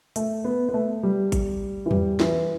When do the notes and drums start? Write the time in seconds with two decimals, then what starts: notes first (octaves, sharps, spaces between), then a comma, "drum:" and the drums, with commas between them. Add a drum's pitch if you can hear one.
0.16 A3, drum: hi-hat
0.44 B3
0.69 B3
0.74 A3
1.03 G3
1.32 drum: kick G#1, hi-hat
1.86 E3
1.91 G3, drum: tom E2
2.20 E3, drum: snare